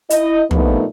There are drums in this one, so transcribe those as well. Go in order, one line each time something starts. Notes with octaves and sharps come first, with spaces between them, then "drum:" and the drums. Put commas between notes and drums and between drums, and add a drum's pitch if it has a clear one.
E4 D#5, drum: hi-hat
G2 A#2 F3 A3 B3 D#4, drum: tom